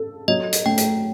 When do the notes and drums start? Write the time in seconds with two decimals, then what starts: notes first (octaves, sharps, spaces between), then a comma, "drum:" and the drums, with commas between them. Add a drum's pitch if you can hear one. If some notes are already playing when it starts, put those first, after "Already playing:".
Already playing: A4
0.28 F#3 D#5
0.53 drum: hi-hat
0.66 A3 G5
0.78 drum: hi-hat